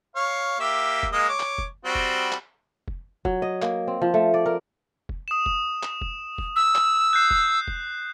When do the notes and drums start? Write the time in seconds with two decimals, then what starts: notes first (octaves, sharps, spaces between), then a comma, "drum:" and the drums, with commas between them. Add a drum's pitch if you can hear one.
0.16 C#5 F5
0.60 A#3 G4 E5
1.03 drum: kick
1.12 G#3 A#3 D#5
1.29 C#5 D6
1.40 drum: clap
1.58 drum: kick
1.85 G3 C4 F#4
1.95 drum: kick
2.32 drum: clap
2.88 drum: kick
3.25 F#3, drum: kick
3.42 D#5
3.62 A#3, drum: clap
3.88 C4
4.02 F3
4.14 A3
4.34 D5
4.46 A#4
5.09 drum: kick
5.28 D#6 E7
5.46 drum: kick
5.83 drum: clap
6.01 drum: kick
6.38 drum: kick
6.56 E6
6.75 drum: clap
7.13 F#6 G6 C7
7.31 drum: kick
7.68 drum: kick